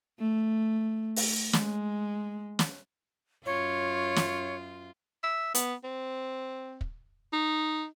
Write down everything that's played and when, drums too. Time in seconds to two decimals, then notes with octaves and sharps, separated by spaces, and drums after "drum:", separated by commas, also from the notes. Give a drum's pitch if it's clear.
0.19 A3
1.16 drum: open hi-hat
1.53 G#3, drum: snare
2.59 drum: snare
3.46 F#2 F4 C#5
4.16 drum: snare
5.23 E5
5.55 B3, drum: hi-hat
5.84 C4
6.81 drum: kick
7.33 D#4